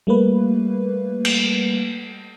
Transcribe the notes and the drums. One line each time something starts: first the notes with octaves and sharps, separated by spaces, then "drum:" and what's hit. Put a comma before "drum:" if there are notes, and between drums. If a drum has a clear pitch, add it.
G3 A3 A#3 B4
drum: cymbal